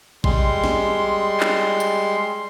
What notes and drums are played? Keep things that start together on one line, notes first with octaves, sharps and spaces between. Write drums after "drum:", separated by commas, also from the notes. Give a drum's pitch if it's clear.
G3 G#3 C6, drum: kick
drum: snare
drum: clap
drum: tambourine